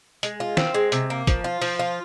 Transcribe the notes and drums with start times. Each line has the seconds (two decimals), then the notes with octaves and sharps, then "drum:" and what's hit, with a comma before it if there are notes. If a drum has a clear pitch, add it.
0.23 G#3, drum: hi-hat
0.40 F4
0.57 C4, drum: snare
0.74 G#3
0.92 C3, drum: hi-hat
1.10 A#3
1.27 F3, drum: kick, hi-hat
1.44 F4
1.62 F3, drum: open hi-hat
1.79 F4